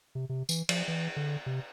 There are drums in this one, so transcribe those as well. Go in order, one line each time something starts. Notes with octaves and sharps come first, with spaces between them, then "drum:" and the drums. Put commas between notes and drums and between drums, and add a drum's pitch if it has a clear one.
C3
C3
E3, drum: tambourine
F3, drum: cymbal
E3
D3
C3